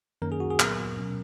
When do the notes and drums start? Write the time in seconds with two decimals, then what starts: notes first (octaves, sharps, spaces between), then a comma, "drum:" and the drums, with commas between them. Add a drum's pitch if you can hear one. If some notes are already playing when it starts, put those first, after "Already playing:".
0.22 F#2 D#3 A#3 C#4 A#4
0.32 G#4
0.40 F#4
0.50 G#4
0.60 A#2 F#3 B3 A#4, drum: clap
0.98 B2 F#3 C#4